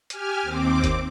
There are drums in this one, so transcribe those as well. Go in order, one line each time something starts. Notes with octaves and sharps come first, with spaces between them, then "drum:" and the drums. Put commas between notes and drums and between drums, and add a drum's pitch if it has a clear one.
G4 G#5 F6, drum: hi-hat
D#2 C4 D6
drum: kick F#1, hi-hat